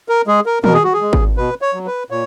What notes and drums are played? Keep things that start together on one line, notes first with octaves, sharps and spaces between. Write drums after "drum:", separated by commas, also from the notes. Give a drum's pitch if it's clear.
A#4
G#3 G#4
A#4
B2 A#4, drum: tom
G#4
F#4
G#4
G#3
drum: kick G#1
B2 B4
C#5
F#3
B4
A#2 C#5